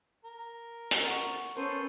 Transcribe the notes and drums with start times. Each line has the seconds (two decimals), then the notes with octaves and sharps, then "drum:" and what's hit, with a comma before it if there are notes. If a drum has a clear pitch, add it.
0.25 A#4
0.91 drum: hi-hat
1.08 F#5 C#6
1.57 B3 C#4 A4 A#4 C5